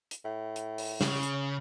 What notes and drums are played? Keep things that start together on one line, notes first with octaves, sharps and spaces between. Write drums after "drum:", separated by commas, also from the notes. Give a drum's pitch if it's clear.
drum: hi-hat
A2
drum: hi-hat
drum: open hi-hat
C#3, drum: snare
drum: hi-hat